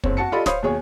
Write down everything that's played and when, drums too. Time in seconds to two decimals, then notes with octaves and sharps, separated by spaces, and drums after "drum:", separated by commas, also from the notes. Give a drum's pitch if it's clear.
0.04 F#1 C4 C#5, drum: kick
0.17 F#4 A5 C#7
0.32 F4 G4 A4 D5 D#5 B5
0.46 C5 C#5 F5 B5 D#6, drum: snare
0.63 D#2 B2 G#4 C#5